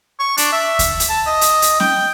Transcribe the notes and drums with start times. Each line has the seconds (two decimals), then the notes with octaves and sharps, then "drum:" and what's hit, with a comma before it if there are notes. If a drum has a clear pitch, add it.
0.19 C#6
0.37 D4, drum: hi-hat
0.52 E5
0.79 drum: kick D2, hi-hat
1.00 drum: hi-hat
1.09 A5
1.26 D#5
1.41 drum: hi-hat
1.62 drum: hi-hat
1.80 G5, drum: snare C#4